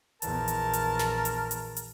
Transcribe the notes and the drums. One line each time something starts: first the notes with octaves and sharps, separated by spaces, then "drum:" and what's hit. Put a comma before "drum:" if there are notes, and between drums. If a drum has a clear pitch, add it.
A#1 E2 A#4 A5, drum: hi-hat
drum: hi-hat
drum: hi-hat
drum: snare
drum: hi-hat
drum: hi-hat
drum: hi-hat